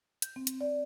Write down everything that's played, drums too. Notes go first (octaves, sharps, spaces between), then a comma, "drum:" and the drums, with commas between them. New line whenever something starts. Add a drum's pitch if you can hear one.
G6, drum: hi-hat
C4
drum: hi-hat
D5